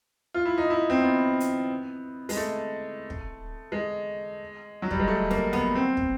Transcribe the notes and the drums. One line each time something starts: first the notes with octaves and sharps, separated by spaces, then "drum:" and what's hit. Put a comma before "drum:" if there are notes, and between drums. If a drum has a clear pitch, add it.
F4
E4
D#4
E4
C4
B3
drum: hi-hat
G#3, drum: open hi-hat
A3
drum: kick
G#3
F#3
G3, drum: kick
G#3
A3
A#3, drum: snare
B3, drum: snare
C4
drum: kick